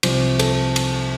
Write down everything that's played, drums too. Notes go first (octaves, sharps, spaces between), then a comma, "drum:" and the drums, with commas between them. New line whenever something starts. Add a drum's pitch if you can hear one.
C2 C3 F3, drum: cymbal
A4, drum: cymbal
drum: cymbal